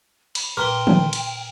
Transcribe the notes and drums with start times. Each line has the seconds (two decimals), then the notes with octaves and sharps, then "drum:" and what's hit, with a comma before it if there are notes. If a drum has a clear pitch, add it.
0.35 B5, drum: cymbal
0.57 A#2 A#4 B4 G5 C6 F6 G7
0.87 drum: tom D3
1.13 drum: cymbal